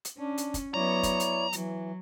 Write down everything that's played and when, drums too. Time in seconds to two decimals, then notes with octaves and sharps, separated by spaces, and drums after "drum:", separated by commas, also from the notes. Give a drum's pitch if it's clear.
0.05 drum: hi-hat
0.18 C#4 D4
0.38 drum: hi-hat
0.54 drum: kick, hi-hat
0.74 F#3 B3 E4 C#5 D5 A#5
1.03 drum: kick, hi-hat
1.20 drum: hi-hat
1.53 E3 F#3, drum: hi-hat